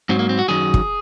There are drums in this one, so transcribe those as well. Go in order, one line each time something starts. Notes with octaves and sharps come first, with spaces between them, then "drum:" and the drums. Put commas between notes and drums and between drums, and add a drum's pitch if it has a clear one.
G#2 F#3 C4
A#3
C4
F#4
F#2 D#3 F#3 G#4
drum: kick